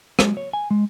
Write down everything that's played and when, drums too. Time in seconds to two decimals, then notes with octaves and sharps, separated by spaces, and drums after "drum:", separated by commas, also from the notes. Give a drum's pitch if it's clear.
0.19 G#3, drum: rim click
0.37 C#5
0.53 G#5
0.71 G#3